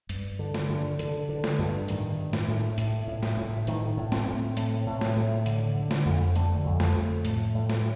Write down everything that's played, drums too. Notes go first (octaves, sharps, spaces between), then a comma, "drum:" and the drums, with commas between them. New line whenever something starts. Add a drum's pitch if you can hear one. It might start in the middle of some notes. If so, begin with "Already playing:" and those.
G2, drum: hi-hat
D3
drum: snare
D3
D3, drum: hi-hat
D3
drum: snare
G2
A2 D#3, drum: hi-hat
A2
drum: snare
A2
A2, drum: hi-hat
A2
drum: snare
A2
A2 D#3, drum: hi-hat
A2
C4, drum: snare
A2
A2, drum: hi-hat
A2
drum: snare
A2
D3, drum: hi-hat
D3
drum: snare
F2
D3 A3, drum: hi-hat
F2
A3, drum: snare
F2
A2, drum: hi-hat
A2
drum: snare